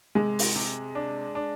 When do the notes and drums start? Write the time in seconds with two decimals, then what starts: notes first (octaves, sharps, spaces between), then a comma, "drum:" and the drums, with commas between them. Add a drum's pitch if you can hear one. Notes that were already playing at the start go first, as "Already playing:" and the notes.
0.15 C3 G#3
0.39 drum: open hi-hat
0.56 C3
0.95 D4
1.35 D4